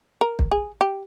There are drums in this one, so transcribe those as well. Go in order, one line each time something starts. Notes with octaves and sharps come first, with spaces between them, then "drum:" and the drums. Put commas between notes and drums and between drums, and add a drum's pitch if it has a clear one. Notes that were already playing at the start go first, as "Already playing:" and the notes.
A#4
drum: kick
G#4
G4